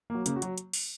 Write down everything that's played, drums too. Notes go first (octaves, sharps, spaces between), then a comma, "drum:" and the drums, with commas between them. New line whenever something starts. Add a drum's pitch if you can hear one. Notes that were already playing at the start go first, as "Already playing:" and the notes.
F#3 A#3
C#3 A#3, drum: hi-hat
F#4
F#3, drum: hi-hat
drum: hi-hat
drum: open hi-hat